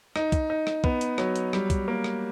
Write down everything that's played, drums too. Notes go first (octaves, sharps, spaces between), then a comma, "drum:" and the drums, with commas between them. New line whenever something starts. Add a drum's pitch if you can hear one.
D#4, drum: rim click
drum: kick, hi-hat
D#4
drum: rim click
B3, drum: kick
drum: hi-hat
F#3, drum: rim click
drum: hi-hat
G3, drum: rim click
drum: kick, hi-hat
A#3
drum: rim click